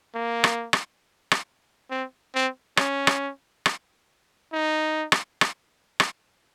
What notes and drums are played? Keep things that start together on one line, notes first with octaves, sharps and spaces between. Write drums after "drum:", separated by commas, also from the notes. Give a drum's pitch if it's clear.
A#3
drum: rim click
drum: rim click
drum: rim click
C4
C4
C#4, drum: rim click
drum: rim click
drum: rim click
D#4
drum: rim click
drum: rim click
drum: rim click